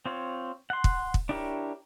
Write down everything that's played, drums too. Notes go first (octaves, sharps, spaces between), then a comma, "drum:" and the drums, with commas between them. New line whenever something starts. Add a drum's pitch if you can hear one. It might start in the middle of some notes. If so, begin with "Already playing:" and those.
C4 F4 C#5
F#5 C6
drum: kick
drum: kick
D4 E4 G4 A#4 C#5